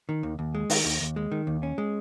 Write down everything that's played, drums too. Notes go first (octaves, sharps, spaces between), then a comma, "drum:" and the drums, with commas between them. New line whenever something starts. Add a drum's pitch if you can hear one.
D#3
D#2
D#2
G#3
D#3, drum: open hi-hat
D#2
D#2
G#3
D#3
D#2
C#4
G#3